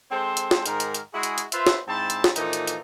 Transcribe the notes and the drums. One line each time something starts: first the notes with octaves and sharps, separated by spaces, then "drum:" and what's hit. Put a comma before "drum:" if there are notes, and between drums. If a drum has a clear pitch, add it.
G#3 C4 A4 C5
drum: hi-hat
drum: snare
G#2 D#3 A#4, drum: hi-hat
drum: hi-hat
drum: hi-hat
G#3 E4 F#4 G#4
drum: hi-hat
drum: hi-hat
F4 B4 C5 E5, drum: hi-hat
drum: snare
G#2 C4 E4 C5 A5
drum: hi-hat
drum: snare
A#2 E3 F3 D#4 A4, drum: hi-hat
drum: hi-hat
drum: hi-hat